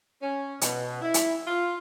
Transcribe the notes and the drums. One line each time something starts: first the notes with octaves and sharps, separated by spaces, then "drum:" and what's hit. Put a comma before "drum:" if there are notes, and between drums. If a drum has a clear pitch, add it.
C#4
B2, drum: hi-hat
E4
drum: hi-hat
F4